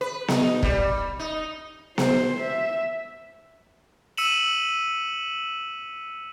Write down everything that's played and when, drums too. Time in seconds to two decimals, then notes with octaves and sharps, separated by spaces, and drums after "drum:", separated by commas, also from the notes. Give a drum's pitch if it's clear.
0.01 B4
0.28 D#4, drum: snare B3
0.63 G3, drum: kick
1.19 D#4
1.98 C5, drum: snare B3
2.41 E5
4.17 E6 B6 C#7 D#7 E7 F#7